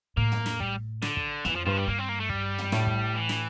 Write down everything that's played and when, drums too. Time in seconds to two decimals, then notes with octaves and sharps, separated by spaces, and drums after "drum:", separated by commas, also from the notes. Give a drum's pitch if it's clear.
0.17 A2 A#3
0.32 drum: tom
0.46 drum: snare
0.60 G3, drum: kick
1.02 D3, drum: snare
1.17 drum: kick
1.45 F2 E3, drum: tom
1.55 F3
1.66 G2 F3
1.77 G3
1.88 G2 A#3
1.99 C4
2.09 A#3
2.20 A3
2.29 G3, drum: kick
2.58 drum: tom
2.72 A2, drum: snare
2.87 drum: kick
3.15 E3
3.29 drum: snare